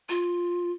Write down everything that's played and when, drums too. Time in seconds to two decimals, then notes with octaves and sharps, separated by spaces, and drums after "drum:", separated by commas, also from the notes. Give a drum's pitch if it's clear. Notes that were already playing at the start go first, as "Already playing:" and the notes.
0.09 F4, drum: hi-hat